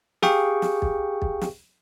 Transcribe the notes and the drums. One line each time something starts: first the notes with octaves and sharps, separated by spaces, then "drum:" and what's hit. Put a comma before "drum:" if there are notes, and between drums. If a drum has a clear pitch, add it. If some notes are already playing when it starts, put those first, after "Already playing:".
G4 G#4 F5 G5 C#6, drum: snare
drum: snare
drum: kick
drum: kick
drum: snare